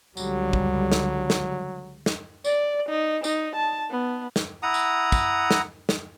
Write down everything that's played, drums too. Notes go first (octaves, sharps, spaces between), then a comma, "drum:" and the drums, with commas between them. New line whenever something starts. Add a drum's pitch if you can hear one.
C#2 D3 F#3 G3, drum: tambourine
drum: kick
drum: snare
drum: snare
drum: snare
D5, drum: tambourine
D#4
D#4, drum: tambourine
A5
B3
drum: snare
E4 F#5 A#5 D#6
drum: tambourine
drum: kick, tambourine
drum: snare
drum: snare